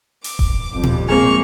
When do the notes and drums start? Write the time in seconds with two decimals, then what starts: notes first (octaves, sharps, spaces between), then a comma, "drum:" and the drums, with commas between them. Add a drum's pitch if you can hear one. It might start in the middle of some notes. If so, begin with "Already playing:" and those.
0.24 D6, drum: open hi-hat
0.39 drum: kick E1
0.72 F2 G3
0.83 drum: tom
1.09 G#3 A#3 C4 G#4 G#5 C#6 F6